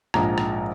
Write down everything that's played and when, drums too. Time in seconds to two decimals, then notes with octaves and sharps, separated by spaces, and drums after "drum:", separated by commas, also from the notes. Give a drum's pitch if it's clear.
0.14 A#1 G#2 F3 A#5, drum: rim click
0.38 drum: rim click